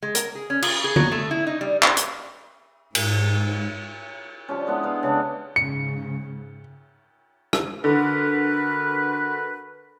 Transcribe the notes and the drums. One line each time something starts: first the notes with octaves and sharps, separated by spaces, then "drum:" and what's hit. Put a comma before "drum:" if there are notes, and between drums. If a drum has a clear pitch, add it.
G#3
A#4, drum: hi-hat
G#4
C#4
F4, drum: cymbal
G#4
F#3, drum: tom D3
A3
E4
D#4
G3
drum: clap
drum: hi-hat
G#2, drum: cymbal
F3 G3 C#4
G#3 B3 D4 E4
B4 F5
C#3 G#3 D4
G#2 C#3 C#7
drum: rim click
D3 F#4 A#4 B4